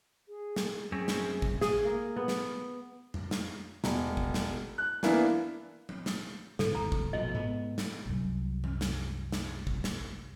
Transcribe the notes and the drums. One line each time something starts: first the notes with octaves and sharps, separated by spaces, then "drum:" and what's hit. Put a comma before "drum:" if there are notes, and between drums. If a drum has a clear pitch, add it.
G#4
drum: snare
F#2 C4 C#4 G#4
drum: snare
drum: kick
G#4, drum: snare
A#3
B3
drum: snare
drum: tom F2
drum: snare
E1, drum: snare
drum: kick
drum: snare
F#6
E3 A#3 B3 D4 E4, drum: snare
drum: tom F3
drum: snare
G#2 D3 E3 A4, drum: snare
G1 D#2 A#5
drum: kick
A#1 B2 F3 D#5
G#2 B3
drum: snare
C2 F#2
drum: tom E3
drum: snare
drum: snare
drum: kick
drum: snare